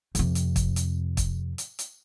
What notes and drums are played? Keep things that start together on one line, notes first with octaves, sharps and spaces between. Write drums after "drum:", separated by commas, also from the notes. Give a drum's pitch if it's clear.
F2 C3, drum: hi-hat
drum: hi-hat
drum: kick, hi-hat
drum: hi-hat
drum: kick, hi-hat
drum: hi-hat
drum: hi-hat